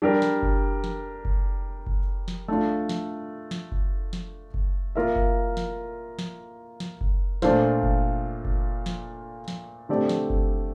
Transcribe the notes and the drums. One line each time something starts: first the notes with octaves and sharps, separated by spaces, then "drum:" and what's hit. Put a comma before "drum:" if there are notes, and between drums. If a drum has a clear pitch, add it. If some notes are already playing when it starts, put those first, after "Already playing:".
G3 D4 G4 A#4
drum: snare
drum: kick F#1
drum: snare
drum: kick F#1
drum: kick F#1
drum: snare
A3 D4 F4
drum: snare
drum: snare
drum: kick F#1
drum: snare
drum: kick F#1
A#3 F4 A#4 E5
drum: kick F#1
drum: snare
drum: snare
drum: snare
drum: kick F#1
A#2 A3 D4 F4 C5, drum: snare
drum: kick F#1
drum: kick F#1
drum: snare
drum: snare
D3 A3 C4 G4 D5
drum: snare
drum: kick F#1